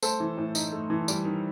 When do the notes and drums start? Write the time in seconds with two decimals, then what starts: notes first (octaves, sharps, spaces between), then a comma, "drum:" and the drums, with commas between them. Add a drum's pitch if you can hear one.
0.02 A3 A4 C5, drum: tambourine
0.20 E3
0.37 A2
0.55 D#4, drum: tambourine
0.72 A3
0.90 E3
1.08 G3, drum: tambourine
1.25 D#3